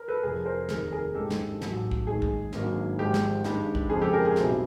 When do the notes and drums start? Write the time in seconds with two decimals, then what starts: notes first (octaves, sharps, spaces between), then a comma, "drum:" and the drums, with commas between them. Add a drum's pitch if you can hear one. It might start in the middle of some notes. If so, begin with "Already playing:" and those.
Already playing: A#4
0.08 A4 B4
0.23 F1 F2 C3 F3 A3 G#4 A#4
0.46 A#4 C5
0.69 F1 D#2 D#3 G3 C4 G#4 A#4, drum: snare
0.92 G#4 A#4
1.15 G#1 G2 D#3 G#3 C#4 G4 A4
1.30 drum: snare
1.61 A1 A2 F#3, drum: snare
1.91 drum: kick
2.06 A#1 G#2 D#3 G#4
2.22 drum: kick
2.52 G#1 G2 D#3 F#3 A#3, drum: snare
2.98 G#1 G#2 F3 G#3 G4
3.14 drum: snare
3.44 G2 D#3 G#3, drum: snare
3.75 drum: kick
3.90 F2 C#3 F3 G#3 G#4
4.01 G4 A4
4.13 G#4 A#4
4.25 G#4 A#4
4.36 B1 B2 G3 C4 E4, drum: snare